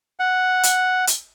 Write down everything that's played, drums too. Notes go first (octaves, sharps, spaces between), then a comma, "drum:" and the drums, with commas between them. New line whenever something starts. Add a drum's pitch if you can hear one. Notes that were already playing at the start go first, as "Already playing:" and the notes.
F#5
drum: hi-hat
drum: hi-hat